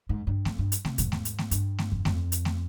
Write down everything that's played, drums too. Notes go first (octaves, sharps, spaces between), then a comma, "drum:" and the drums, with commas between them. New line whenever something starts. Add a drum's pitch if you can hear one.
G#2
G2
F2, drum: snare A3
G2
drum: hi-hat
C3, drum: snare A3
G#2, drum: kick E2, hi-hat
drum: snare A3
drum: hi-hat
drum: snare A3
G2, drum: hi-hat
drum: snare A3
drum: kick E2
F2, drum: snare A3
drum: hi-hat
drum: snare A3